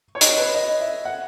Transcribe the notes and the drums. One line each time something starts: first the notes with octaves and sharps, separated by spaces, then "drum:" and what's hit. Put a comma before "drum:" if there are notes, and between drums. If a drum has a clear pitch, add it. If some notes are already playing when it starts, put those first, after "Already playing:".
C#5
D#5, drum: hi-hat
B4
D#5
E5
F#5